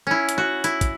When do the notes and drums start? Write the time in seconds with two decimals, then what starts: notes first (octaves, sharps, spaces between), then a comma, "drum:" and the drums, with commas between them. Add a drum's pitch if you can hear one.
0.07 C#4 E4
0.29 drum: hi-hat
0.38 F#4
0.64 E4, drum: hi-hat
0.81 drum: kick, hi-hat